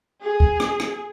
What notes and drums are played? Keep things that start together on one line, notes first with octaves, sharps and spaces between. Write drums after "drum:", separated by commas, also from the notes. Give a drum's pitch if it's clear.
G#4
drum: kick C#2
drum: rim click
drum: rim click